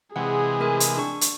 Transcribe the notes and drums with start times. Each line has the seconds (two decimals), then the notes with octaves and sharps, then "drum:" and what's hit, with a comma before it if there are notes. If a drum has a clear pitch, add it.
0.16 C3 E3 G#3 G#4 F#5
0.60 A3 A#4 G#5
0.80 drum: hi-hat
0.97 D4 C#6
1.21 drum: hi-hat